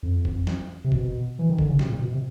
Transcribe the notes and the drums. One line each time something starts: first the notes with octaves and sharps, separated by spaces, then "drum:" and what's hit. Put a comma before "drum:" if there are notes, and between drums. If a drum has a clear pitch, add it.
F2
drum: kick F#1
drum: snare
C3
B2, drum: kick F#1
E3
D#3
D3, drum: kick F#1
C#3
C3, drum: snare
A#2
B2
C3